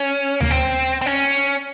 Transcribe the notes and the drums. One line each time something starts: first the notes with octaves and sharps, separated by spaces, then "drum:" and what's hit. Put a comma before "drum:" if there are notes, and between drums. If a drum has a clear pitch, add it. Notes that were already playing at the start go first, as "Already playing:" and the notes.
Already playing: C#4
A#3, drum: tom D2
C4
C4
C#4